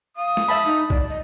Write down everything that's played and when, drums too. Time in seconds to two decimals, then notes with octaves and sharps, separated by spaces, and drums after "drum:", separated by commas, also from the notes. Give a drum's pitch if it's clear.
0.17 F5 D#6
0.37 drum: snare G#3
0.48 E5 A5 B5
0.65 D#4
0.90 D5, drum: kick B1
1.09 D#5